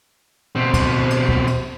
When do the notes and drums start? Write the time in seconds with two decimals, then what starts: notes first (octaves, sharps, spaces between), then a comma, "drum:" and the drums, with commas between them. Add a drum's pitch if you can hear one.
0.55 B2 C4
0.74 drum: kick, cymbal
1.10 drum: cymbal
1.29 drum: kick
1.47 drum: cymbal